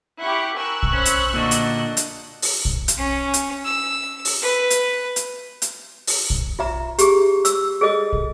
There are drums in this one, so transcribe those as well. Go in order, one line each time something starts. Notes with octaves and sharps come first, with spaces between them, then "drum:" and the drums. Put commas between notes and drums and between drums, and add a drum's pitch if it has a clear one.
E4 G4 F#5 C#6
A#4 G#5 C#6 E6 F#6
drum: kick
C#4 C5 B5
drum: hi-hat
A#2 D3 D4 F#4 D#5
drum: hi-hat
drum: hi-hat
drum: open hi-hat
drum: kick
drum: hi-hat
C#4
drum: hi-hat
E6
drum: open hi-hat
B4
drum: hi-hat
drum: hi-hat
drum: hi-hat
drum: open hi-hat
drum: kick
F4 E5 A#5
G4 G#4, drum: hi-hat
E6, drum: hi-hat
G#4 A4 D#5 D#6
drum: kick